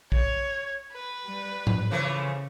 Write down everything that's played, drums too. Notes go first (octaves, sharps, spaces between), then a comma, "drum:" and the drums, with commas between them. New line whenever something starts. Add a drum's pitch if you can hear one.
C#5, drum: kick
B4
G3
drum: tom G#2
C#3 E3 F3 A3